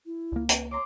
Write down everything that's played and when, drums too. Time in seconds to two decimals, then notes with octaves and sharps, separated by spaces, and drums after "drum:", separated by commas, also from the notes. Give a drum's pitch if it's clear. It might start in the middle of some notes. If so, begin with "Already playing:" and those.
0.06 E4
0.32 C#2 A#3
0.49 B4, drum: hi-hat
0.71 C#5 A#5 C6 D6